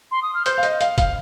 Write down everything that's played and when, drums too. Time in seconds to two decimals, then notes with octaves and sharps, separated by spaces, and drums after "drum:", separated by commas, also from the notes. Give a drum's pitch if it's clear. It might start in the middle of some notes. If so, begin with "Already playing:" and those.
0.11 C6
0.22 D#6
0.34 F6
0.46 C5 G6, drum: hi-hat
0.58 F5
0.63 D#5, drum: hi-hat
0.81 F5, drum: hi-hat
0.98 F5, drum: kick, hi-hat